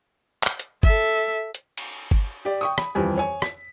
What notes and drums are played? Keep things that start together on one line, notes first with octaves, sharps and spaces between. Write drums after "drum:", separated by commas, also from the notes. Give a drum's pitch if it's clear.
drum: clap
drum: hi-hat
A4 E5, drum: kick G1
drum: hi-hat
drum: cymbal
drum: kick G1
G4 D5
G5 C#6 D#6
B5, drum: rim click
D#1 F2 E3 G3 G#5
C#5 G#5
B6, drum: rim click